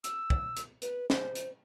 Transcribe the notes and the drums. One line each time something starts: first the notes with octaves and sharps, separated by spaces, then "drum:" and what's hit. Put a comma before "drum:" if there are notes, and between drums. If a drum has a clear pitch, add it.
E6, drum: hi-hat
drum: kick
drum: hi-hat
B4, drum: hi-hat
C5, drum: snare
drum: hi-hat